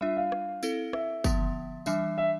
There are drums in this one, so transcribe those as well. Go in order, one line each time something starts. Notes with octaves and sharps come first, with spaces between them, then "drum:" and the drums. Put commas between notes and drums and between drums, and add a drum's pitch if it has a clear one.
G3 D4 F4 E5
F5
drum: rim click
C4 E4 A4, drum: tambourine
E5, drum: rim click
D3 F3 B3, drum: kick, tambourine
E3 G3 D4 E5, drum: tambourine
E5